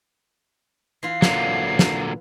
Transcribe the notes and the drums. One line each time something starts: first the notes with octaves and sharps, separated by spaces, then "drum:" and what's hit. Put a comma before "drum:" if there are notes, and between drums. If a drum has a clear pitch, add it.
E3 F4 C7
A#2 D3 F#3, drum: snare
drum: snare